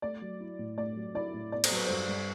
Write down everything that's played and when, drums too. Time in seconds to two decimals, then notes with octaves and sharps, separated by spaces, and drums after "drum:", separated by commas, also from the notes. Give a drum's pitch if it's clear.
0.02 A3 D5
0.21 F#3
0.40 E4
0.59 A2
0.77 A3 D5
0.96 F#3
1.15 E4 D5
1.34 A2
1.52 B3 D5
1.64 C5, drum: cymbal
1.71 F#3 B4
1.87 G2 C5
2.08 G2